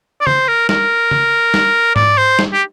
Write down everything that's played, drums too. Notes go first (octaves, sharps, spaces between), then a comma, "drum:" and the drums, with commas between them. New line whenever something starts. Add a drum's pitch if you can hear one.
D5
C5, drum: tom C#3
A#4
A#4, drum: snare
drum: tom C#3
drum: snare
D5, drum: tom G#2
C5
drum: snare
G4